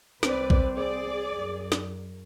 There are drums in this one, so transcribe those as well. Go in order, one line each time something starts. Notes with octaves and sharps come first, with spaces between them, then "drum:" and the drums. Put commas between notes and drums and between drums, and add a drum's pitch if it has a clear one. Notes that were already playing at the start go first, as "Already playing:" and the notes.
C2 C4 B4 D5, drum: snare
drum: kick A#1
G#4 D5
F#2
drum: snare